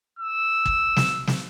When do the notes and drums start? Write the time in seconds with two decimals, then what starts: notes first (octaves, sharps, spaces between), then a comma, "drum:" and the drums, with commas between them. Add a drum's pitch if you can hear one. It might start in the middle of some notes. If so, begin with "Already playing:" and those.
0.19 E6
0.66 drum: kick
0.96 drum: snare
1.27 drum: snare